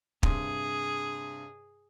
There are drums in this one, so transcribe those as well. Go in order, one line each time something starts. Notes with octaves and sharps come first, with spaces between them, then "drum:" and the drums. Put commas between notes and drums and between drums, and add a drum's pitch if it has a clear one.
G2 C3 G#4 C6, drum: kick